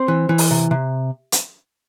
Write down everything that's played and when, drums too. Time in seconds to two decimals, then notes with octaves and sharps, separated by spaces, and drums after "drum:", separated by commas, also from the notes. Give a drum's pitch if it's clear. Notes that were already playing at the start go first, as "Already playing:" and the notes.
Already playing: C4 C5
0.08 E3
0.29 E3
0.38 drum: open hi-hat
0.51 C3
0.71 C3
1.32 drum: hi-hat